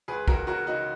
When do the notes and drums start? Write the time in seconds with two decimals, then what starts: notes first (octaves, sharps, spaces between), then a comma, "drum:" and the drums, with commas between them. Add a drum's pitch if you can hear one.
0.08 C#2 G#4 B4
0.28 C#2 F#4 A#4, drum: kick
0.47 C#3 F#4 A#4
0.67 C#3 D#4 F#4